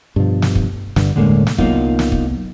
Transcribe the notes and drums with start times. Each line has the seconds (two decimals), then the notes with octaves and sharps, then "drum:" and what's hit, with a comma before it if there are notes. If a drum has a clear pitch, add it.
0.16 G2 B2 F3
0.42 drum: snare
0.55 drum: kick
0.96 G1 G2 D3, drum: snare
1.16 E1 A2 D3 G#3 A#3
1.47 drum: snare
1.58 C2 F#3 A#3 B3 D#4 F4, drum: kick
1.99 drum: snare
2.12 drum: kick